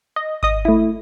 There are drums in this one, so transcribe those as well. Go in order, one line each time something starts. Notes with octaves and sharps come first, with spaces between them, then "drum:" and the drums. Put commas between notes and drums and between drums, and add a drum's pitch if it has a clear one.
D#5
D#5 D#6, drum: kick G#1
A3 E4